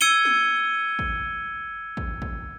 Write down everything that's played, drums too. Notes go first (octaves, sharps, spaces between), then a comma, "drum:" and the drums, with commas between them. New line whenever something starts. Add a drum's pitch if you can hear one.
E6 G#6 C#7 D#7 G7
drum: snare
drum: kick
drum: kick
drum: kick